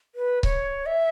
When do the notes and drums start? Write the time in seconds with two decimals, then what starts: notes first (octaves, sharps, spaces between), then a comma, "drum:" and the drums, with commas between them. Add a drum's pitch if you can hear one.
0.15 B4
0.43 C#5, drum: kick C#1
0.86 E5